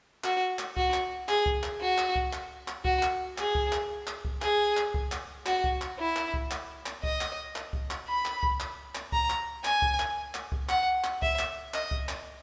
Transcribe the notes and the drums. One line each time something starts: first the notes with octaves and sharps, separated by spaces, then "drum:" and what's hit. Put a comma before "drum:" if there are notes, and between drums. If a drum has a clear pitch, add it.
F#4, drum: clap
drum: clap
F#4, drum: kick C2
drum: clap
G#4, drum: clap
drum: kick C2
drum: clap
F#4
drum: clap
drum: kick C2
drum: clap
drum: clap
F#4, drum: kick C2
drum: clap
G#4, drum: clap
drum: kick C2
drum: clap
drum: clap
drum: kick C2
G#4, drum: clap
drum: clap
drum: kick C2
drum: clap
F#4, drum: clap
drum: kick C2
drum: clap
E4
drum: clap
drum: kick C2
drum: clap
drum: clap
D#5, drum: kick C2
drum: clap
drum: clap
drum: kick C2
drum: clap
B5
drum: clap
drum: kick C2
drum: clap
drum: clap
A#5, drum: kick C2
drum: clap
G#5, drum: clap
drum: kick C2
drum: clap
drum: clap
drum: kick C2
F#5, drum: clap
drum: clap
E5, drum: kick C2
drum: clap
D#5, drum: clap
drum: kick C2
drum: clap